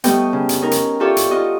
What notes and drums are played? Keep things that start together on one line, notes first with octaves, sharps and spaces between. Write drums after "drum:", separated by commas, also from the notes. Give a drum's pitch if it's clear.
G3 A3 B3 C#5 D#5 G5, drum: hi-hat
C#3
drum: hi-hat
C#4 D#4 A#4
drum: hi-hat
F4 G4 A4 C#5 D5 E5
drum: hi-hat
D#4 F4 F#4 D#5